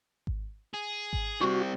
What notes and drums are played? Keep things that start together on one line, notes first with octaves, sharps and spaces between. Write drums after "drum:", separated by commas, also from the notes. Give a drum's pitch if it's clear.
drum: kick G#1
G#4
drum: kick G#1
G3 C4 F#4